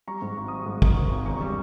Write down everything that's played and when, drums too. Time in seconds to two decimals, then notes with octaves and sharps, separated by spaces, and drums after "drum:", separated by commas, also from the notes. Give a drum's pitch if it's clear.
0.08 G3 A#5 C#6
0.22 G#2
0.36 G#1 C#6
0.48 G3 D#6
0.60 C#6
0.66 G#2
0.72 D#6
0.82 D#3 A#5 C#6, drum: kick
0.97 D#3
1.12 G#1
1.25 E1 A#5 C#6
1.41 G3